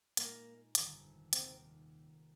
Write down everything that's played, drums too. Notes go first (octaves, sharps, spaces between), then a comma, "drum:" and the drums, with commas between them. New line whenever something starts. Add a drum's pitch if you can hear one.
A#2 G#3 A#3 D#4, drum: hi-hat
G1 F2 D#3, drum: hi-hat
F1 D#2 D#3 A#3 C4, drum: hi-hat